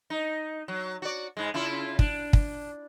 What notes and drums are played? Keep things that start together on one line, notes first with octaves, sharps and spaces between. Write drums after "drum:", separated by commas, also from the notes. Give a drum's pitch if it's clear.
D#4
F#3
F#4 D5
G#2 G#3
C#3 E4 F4
D4, drum: kick
drum: kick